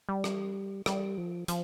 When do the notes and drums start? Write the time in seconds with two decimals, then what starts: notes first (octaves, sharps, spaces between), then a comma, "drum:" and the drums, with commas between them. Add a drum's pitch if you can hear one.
0.09 G3
0.24 drum: rim click
0.86 G3, drum: rim click
1.18 F3
1.48 F3, drum: hi-hat